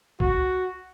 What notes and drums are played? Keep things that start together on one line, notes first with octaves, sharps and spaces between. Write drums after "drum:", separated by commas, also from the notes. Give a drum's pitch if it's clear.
F#4, drum: kick C2